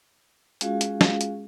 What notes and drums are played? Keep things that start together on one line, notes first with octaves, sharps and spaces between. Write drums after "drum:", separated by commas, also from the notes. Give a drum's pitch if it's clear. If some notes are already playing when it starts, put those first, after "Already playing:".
G#3 C#4 F4 F#4 G#4 F5, drum: hi-hat
drum: hi-hat
drum: snare
drum: hi-hat